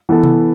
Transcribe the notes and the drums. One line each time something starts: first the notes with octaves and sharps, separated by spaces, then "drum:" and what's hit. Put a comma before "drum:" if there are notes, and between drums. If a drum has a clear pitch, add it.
E3 B3 E4 A4
drum: tom C3